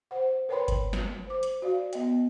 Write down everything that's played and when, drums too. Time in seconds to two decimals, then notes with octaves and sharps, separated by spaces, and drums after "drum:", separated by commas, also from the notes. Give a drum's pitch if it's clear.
0.11 C5 F#5
0.49 A#4 B4 C#5 G5 B5 C6
0.68 drum: kick G1, hi-hat
0.93 drum: snare
1.27 C5 D6
1.43 drum: hi-hat
1.62 F#4 D5 F5
1.93 B3 D#5 G5, drum: hi-hat